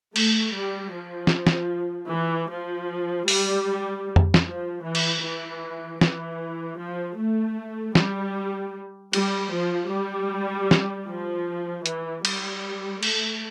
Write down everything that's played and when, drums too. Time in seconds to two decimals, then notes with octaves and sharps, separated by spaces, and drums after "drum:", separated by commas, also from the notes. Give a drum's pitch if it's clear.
0.16 A3, drum: cymbal
0.55 G3
0.93 F3
1.27 drum: snare
1.47 drum: snare
2.11 E3
2.50 F3
3.28 G3, drum: open hi-hat
4.16 drum: tom F2
4.34 drum: snare
4.45 F3
4.84 E3
4.95 drum: cymbal
5.22 E3
6.01 E3, drum: snare
6.79 F3
7.18 A3
7.95 G3, drum: snare
9.13 G3, drum: cymbal
9.52 F3
9.90 G3
10.71 drum: snare
11.07 F3
11.86 E3, drum: hi-hat
12.25 G3, drum: cymbal
13.03 A3, drum: cymbal